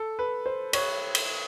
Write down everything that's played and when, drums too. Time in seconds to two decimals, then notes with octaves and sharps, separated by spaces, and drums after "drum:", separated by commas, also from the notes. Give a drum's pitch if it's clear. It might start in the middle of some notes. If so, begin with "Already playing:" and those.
Already playing: A4
0.19 B4
0.46 C5
0.73 C#5, drum: cymbal
1.15 drum: cymbal